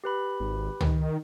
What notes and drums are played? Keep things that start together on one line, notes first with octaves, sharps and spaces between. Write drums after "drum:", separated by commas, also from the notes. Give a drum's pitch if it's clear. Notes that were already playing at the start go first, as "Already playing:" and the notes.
G4 B4 B5
G#1
D#3, drum: tom